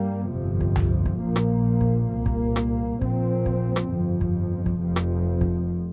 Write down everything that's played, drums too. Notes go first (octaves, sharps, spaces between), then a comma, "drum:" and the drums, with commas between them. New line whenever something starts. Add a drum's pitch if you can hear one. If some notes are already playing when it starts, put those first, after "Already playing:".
Already playing: G2 G3 A#3
G1 F2 C3 F3
drum: kick
drum: tom C#2
drum: kick
A#1 A#2 F3 A#3
drum: rim click
drum: kick
C2 A#2 A#3
drum: kick
drum: rim click
A#1 A#2 F3 C4, drum: kick
drum: kick
drum: rim click
G1 F2 F3
drum: kick
drum: kick
F1 F2 F3
drum: rim click
drum: kick